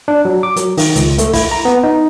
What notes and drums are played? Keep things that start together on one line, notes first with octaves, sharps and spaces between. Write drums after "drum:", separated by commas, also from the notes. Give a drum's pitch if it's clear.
D4
F#3
D6
F#3, drum: hi-hat
D#3, drum: open hi-hat
C#2, drum: hi-hat
A3, drum: hi-hat
E4, drum: kick, open hi-hat
A#5
B3
D#4